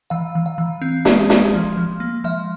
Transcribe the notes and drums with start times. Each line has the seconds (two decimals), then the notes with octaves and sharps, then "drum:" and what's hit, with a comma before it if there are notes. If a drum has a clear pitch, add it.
0.10 E3 F5
0.35 E3
0.46 F5
0.58 E3
0.82 C4
1.05 G#3, drum: snare
1.30 G#3, drum: snare
1.54 F3
1.77 F3
2.00 A#3
2.24 F3 E5